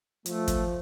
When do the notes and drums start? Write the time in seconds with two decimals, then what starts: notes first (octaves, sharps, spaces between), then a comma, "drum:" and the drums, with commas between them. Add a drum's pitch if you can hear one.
0.26 F3 A3, drum: hi-hat
0.48 drum: kick, hi-hat